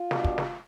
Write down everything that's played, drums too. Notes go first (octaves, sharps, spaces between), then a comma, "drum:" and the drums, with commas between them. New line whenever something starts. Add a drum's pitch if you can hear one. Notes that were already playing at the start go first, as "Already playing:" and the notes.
Already playing: F4
B2 G3 D4, drum: snare
drum: kick
drum: snare